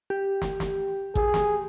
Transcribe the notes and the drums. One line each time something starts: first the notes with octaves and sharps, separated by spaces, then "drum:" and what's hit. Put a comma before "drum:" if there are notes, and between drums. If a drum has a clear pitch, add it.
G4
drum: snare
drum: snare
G#4, drum: kick A1
drum: snare